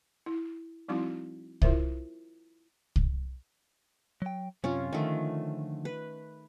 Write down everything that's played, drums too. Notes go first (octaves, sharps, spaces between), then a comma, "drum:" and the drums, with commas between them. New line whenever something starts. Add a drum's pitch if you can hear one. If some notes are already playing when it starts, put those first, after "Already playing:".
E4
F3 G3 C4 D#4 E4 F#4
E4 F4 A#4 C5 E5, drum: kick C2
drum: kick C2
F#3 G5
F#2 C3 C#4 F4
D3 D#3 F3 A3
B4